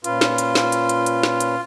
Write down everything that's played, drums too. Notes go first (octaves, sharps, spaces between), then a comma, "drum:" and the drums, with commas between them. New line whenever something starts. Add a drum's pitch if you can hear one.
A#2 C#4 F4 B4, drum: hi-hat
drum: snare
drum: hi-hat
drum: snare
drum: hi-hat
drum: hi-hat
drum: hi-hat
drum: snare
drum: hi-hat